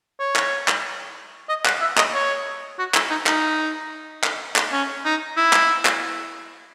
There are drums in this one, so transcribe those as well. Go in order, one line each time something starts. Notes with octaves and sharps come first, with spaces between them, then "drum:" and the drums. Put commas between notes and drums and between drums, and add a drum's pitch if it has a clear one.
C#5
drum: clap
drum: clap
D#5
F#5, drum: clap
E5
D#5, drum: clap
C#5
F#4
E4, drum: clap
D#4
D#4, drum: clap
drum: clap
drum: clap
C#4
D#4
E4
drum: clap
drum: clap